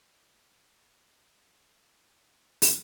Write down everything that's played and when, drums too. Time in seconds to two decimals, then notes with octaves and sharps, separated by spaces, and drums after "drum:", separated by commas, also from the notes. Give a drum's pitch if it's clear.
0.17 A#4 C5
2.62 drum: open hi-hat